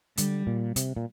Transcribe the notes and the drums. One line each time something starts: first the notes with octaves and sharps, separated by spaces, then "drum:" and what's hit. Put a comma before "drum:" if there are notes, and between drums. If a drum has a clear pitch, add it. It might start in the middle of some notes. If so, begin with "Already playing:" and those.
D3 G3, drum: hi-hat
A#2
C3, drum: hi-hat
A#2